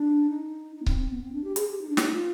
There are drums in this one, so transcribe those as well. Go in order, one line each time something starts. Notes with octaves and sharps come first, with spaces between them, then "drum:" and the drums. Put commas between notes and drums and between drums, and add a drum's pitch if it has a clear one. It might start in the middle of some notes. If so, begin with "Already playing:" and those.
Already playing: D4
D#4
D#4
B3
C4, drum: kick C#1
C4
B3
C4
D4
G4
G#4, drum: hi-hat
G4
D#4
D4
D#4, drum: snare
F4